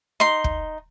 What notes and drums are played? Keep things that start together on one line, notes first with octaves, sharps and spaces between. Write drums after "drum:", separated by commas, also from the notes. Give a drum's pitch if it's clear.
D#4 C6
drum: kick